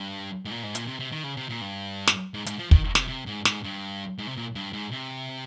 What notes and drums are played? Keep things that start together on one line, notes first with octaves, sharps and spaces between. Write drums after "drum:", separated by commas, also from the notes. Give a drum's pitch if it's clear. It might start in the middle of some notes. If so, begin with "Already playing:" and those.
Already playing: G2
G#2
A#2
G#2
A#2, drum: hi-hat
C3
C3
D#3
C#3
C3
A#2
G2
drum: snare
G#2
G#2, drum: hi-hat
F3
D#3, drum: kick
C3, drum: snare
C3
G#2
G#2, drum: snare
G2
G#2
C3
A#2
G2
G#2
C3